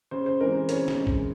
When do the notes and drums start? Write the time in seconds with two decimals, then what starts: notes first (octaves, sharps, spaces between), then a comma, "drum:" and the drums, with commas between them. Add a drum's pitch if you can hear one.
0.11 C#3 C5
0.26 C5
0.41 E3 G#3 C4 A#4
0.55 C5
0.69 C#3 A#4 C#5, drum: hi-hat
0.88 drum: snare
0.98 E3 G#3 C4
1.07 drum: kick A#1